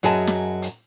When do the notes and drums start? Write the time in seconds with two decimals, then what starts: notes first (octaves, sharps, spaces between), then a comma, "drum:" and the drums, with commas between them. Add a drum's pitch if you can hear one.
0.03 F#2 F#3 G#4 D#5 A5, drum: hi-hat
0.27 drum: snare
0.62 drum: hi-hat